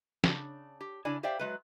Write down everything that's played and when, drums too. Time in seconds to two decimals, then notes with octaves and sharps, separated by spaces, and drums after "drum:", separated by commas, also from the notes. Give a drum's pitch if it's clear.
0.24 C#3 D4, drum: snare
0.81 G4
1.05 C#3 D4 E4 D5 G#5
1.23 G4 C5 D5 E5 F5 G5
1.39 F#3 G#3 B4